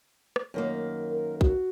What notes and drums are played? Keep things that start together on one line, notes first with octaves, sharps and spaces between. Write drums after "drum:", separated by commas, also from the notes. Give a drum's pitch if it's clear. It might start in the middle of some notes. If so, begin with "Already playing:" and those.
drum: rim click
F#2 D#3 A#3
A#4
F#4, drum: kick